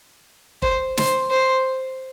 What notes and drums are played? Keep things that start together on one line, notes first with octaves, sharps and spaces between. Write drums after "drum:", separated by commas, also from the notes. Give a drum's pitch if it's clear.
C5, drum: kick
C5, drum: snare
C5